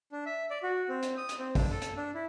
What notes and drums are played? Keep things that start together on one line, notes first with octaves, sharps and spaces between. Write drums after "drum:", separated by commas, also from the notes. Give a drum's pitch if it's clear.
D4
E5
D5
F#4
C4
drum: hi-hat
D#6
drum: hi-hat
C4
D4, drum: kick, open hi-hat
A4
drum: hi-hat
D4
E4